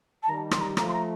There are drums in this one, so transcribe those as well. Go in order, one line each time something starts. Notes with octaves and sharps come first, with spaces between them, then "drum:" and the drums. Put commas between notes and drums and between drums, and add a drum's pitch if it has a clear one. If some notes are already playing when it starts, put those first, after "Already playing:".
A5
D#3 G3 A#5
C6, drum: rim click
A#5
F3 A3 A#5, drum: rim click
C6
A#5